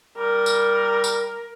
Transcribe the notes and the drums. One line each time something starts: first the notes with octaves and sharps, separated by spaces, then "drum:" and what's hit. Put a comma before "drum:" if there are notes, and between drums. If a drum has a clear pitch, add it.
G3 A#4
drum: tambourine
drum: tambourine